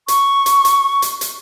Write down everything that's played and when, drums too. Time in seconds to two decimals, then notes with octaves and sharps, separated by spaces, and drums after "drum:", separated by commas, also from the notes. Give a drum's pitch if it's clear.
0.08 C#6, drum: hi-hat
0.46 drum: hi-hat
0.65 drum: hi-hat
1.02 drum: hi-hat
1.21 drum: hi-hat